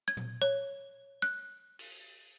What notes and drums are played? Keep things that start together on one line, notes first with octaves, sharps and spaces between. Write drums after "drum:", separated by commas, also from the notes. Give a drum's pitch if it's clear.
G#6
drum: tom A#2
C#5
F#6
drum: open hi-hat